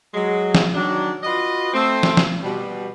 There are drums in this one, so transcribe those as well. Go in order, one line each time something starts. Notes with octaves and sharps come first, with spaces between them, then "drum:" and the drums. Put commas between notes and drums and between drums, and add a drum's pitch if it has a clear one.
F#3 G#3
drum: snare
D#3 F#3 D4
F4 F#4 B4 D#5
A3 C4
drum: snare
drum: snare
B2 G3